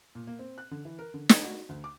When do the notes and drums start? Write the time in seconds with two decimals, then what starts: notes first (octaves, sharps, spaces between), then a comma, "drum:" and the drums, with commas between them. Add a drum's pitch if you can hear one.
0.15 A#2
0.27 A#3
0.39 C4
0.58 F#6
0.71 D3
0.85 E3
0.99 A#4
1.14 D3
1.29 D4, drum: snare
1.43 F#4
1.69 D2
1.84 D6